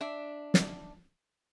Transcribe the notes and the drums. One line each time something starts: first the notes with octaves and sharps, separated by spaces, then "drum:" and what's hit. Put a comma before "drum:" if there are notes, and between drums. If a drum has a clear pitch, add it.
D4 E5
drum: snare